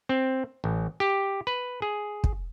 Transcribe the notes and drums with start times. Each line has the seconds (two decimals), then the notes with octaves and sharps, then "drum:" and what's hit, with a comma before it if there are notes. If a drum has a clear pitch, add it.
0.09 C4
0.64 A1
1.00 G4
1.47 B4
1.82 G#4
2.24 drum: kick